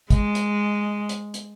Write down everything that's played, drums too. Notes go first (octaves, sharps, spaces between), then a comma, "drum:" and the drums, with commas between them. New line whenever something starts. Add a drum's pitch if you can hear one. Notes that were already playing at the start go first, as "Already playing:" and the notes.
G#3, drum: kick, hi-hat
drum: hi-hat
drum: hi-hat
drum: hi-hat